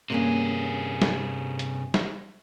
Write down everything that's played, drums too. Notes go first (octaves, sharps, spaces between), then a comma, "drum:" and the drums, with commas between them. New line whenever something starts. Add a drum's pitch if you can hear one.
G2 C3 A#3 C#4 G#4
drum: snare
drum: hi-hat
drum: snare